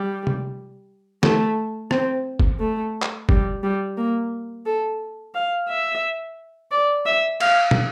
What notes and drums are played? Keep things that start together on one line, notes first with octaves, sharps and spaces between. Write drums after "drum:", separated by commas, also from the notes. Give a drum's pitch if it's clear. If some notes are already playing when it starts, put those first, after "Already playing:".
Already playing: G3
drum: tom C3
A3, drum: snare
C4, drum: rim click
drum: kick F#1
A3
drum: clap
G3, drum: kick F#1
G3
A#3
A4
F5
E5
D5
E5
F5, drum: cymbal
drum: tom